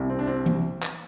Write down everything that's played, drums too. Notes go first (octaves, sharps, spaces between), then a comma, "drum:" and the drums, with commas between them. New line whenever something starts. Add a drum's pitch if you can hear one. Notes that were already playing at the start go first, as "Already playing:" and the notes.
Already playing: C2 C3
C4
D4
C4
drum: tom E3
drum: clap